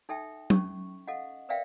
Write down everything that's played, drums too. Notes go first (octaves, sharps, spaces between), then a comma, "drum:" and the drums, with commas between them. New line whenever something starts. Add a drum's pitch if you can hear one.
D#4 A4 E5 G5
C#4 C#6, drum: tom F#3
A4 D#5 F5 F#5
A#4 B4 D5 E5 F5 G5